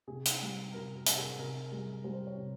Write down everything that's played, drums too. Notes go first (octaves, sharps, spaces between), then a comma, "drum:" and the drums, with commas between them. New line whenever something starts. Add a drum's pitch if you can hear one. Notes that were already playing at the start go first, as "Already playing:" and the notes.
C3 G#4
drum: hi-hat
G3
C3 A#4
A#4
C3, drum: hi-hat
G#4
C3 A#4
G3 G#4
G3 C5
C#5
C3